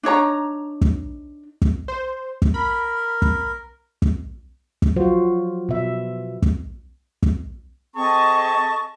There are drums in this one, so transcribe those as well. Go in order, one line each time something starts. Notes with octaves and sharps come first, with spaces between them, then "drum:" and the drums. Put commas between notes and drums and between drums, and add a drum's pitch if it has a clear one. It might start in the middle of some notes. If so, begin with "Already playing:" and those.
D4 D#4 C#5 A#5
drum: kick
drum: kick
C5
drum: kick
A#4 B5
drum: kick
drum: kick
drum: kick
F3 F#3 F4 F#4 C5
B2 E5
drum: kick
drum: kick
C4 G#4 A4 D#5 A5 C#6 D#6